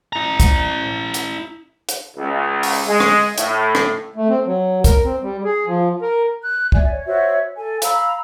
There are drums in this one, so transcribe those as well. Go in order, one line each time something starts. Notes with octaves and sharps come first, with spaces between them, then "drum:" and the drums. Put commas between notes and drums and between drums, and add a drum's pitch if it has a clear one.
E4 A#5
drum: kick, hi-hat
drum: hi-hat
drum: hi-hat
C#2
drum: open hi-hat
G#3
drum: rim click
A2, drum: hi-hat
drum: rim click
A3
C4
F#3
A#4, drum: kick, hi-hat
C4
G3
G#4
F3
A#4
F#6
D5 E5 G#5, drum: kick
C#5
F#4 C5 C#5 E5
A4 G#5
F5 A#5 B5 E6, drum: hi-hat